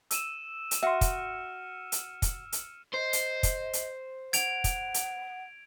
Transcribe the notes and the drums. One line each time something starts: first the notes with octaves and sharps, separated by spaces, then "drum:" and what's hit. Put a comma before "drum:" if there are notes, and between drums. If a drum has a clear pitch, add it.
E6 D#7 E7, drum: hi-hat
drum: hi-hat
F#4 E5 C6 F6 C#7
drum: kick, hi-hat
drum: hi-hat
drum: kick, hi-hat
drum: hi-hat
C5 D#5
drum: hi-hat
drum: kick, hi-hat
drum: hi-hat
F#5 G#6 D7 F7, drum: hi-hat
drum: kick, hi-hat
drum: hi-hat